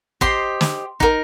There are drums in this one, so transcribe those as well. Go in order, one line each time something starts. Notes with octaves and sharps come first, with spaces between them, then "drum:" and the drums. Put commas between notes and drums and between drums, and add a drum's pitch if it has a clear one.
G4 C5 D#5 C6, drum: kick
drum: snare
D#4 G4 A#4, drum: kick